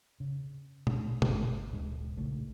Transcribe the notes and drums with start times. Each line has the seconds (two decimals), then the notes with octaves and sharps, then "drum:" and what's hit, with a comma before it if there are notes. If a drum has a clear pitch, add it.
0.20 C#3
0.87 drum: tom
1.22 G1 G#3, drum: tom
1.71 D1 A#2 G#3
2.17 A#1 C#3 A3